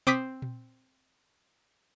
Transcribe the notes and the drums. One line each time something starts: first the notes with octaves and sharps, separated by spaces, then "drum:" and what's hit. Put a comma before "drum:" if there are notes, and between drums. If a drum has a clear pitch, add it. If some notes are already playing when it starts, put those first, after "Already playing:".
C4 D6 D#6 B6, drum: tom B2
drum: tom A#2